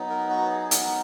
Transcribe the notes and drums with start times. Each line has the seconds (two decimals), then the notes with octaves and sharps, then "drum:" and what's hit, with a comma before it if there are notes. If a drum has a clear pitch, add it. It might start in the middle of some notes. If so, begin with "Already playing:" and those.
Already playing: F#3 B3 D#4
0.09 A#4
0.30 F#4
0.51 G#4
0.61 G#4
0.71 A#4, drum: hi-hat